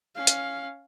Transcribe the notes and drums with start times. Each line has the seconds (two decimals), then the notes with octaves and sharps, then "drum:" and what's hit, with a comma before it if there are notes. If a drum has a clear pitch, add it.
0.15 C#4 F5
0.27 drum: hi-hat